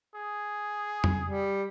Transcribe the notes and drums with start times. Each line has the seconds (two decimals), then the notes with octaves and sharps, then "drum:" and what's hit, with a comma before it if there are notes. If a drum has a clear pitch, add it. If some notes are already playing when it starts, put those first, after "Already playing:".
0.15 G#4
1.04 drum: tom F2
1.25 G3